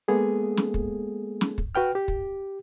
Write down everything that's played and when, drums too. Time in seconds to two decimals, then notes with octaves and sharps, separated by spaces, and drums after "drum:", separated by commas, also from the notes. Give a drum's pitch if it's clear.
0.08 G#3 A#3 B3 G#4 A4
0.57 drum: snare
0.74 drum: kick
1.41 drum: snare
1.58 drum: kick
1.75 F#4 B4 G5 F6
1.95 G4
2.08 drum: kick